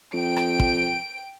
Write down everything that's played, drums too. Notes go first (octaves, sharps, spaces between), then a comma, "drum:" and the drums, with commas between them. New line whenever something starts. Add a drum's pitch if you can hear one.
F2 G5 D7
drum: rim click
drum: kick